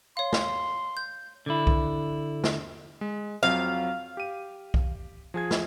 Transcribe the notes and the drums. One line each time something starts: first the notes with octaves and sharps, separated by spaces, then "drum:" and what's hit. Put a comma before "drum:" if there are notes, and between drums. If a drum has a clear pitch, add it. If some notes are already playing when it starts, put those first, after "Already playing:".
C#5 F5 C6
drum: snare
G6
D3 E4
drum: kick B1
drum: snare
G#3
F2 F#3 C4 F5
G4 D#7
drum: kick B1
F3 G#4 G#6
drum: snare